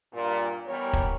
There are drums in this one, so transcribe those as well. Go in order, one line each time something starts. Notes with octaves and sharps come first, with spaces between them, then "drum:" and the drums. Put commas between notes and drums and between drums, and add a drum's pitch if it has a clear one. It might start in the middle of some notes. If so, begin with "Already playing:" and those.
G2 A#2
E3 G3 B3 A#4 C#5
drum: kick E1